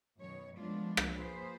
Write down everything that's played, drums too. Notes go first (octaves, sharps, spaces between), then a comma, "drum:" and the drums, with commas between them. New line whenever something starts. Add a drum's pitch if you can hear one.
F#2 B2 D#3 C#5
F3 G#3 A3 B3 D4 F4
drum: rim click
A#3 F4 G#4 B4 C5